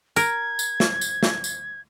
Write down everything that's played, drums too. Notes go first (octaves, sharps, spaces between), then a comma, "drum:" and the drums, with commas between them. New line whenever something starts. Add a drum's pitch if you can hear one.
A#4 G#6, drum: tambourine
drum: tambourine
drum: snare
drum: tambourine
drum: snare
drum: tambourine